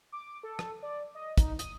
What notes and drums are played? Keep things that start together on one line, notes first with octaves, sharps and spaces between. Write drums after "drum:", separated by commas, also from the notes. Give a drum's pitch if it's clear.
D6
A4
drum: rim click
D5
D#5
D#4, drum: kick, hi-hat
D#6, drum: hi-hat